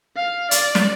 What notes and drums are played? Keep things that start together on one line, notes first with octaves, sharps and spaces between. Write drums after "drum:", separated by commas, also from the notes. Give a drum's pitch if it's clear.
F5
D5, drum: hi-hat
drum: snare